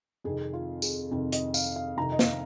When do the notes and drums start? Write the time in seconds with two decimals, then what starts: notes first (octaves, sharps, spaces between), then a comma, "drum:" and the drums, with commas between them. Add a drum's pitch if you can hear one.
0.24 F2 C3 D#3 G#4
0.53 F4
0.82 G#4, drum: tambourine
1.11 F2 C3 D#3
1.32 D#5, drum: hi-hat
1.54 F5, drum: tambourine
1.76 F5
1.97 F2 C3 D#3 A#5
2.12 D#5
2.19 F5, drum: snare